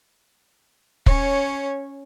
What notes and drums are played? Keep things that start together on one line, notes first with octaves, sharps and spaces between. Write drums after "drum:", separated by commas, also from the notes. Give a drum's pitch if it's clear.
C#4 C#5, drum: kick